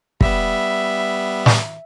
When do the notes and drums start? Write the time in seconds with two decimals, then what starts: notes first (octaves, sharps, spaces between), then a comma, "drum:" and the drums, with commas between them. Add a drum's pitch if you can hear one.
0.21 G3 B3 E5, drum: kick
1.46 drum: snare